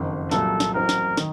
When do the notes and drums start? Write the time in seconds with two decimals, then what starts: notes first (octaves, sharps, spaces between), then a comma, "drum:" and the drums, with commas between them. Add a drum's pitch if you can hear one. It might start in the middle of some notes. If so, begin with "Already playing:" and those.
Already playing: F#1 F2 D#3
0.31 C2 A#2 F#3 A#3 A4, drum: snare
0.60 drum: snare
0.75 A1 A2 F#3 C4 A#4
0.89 drum: snare
1.17 D#3, drum: snare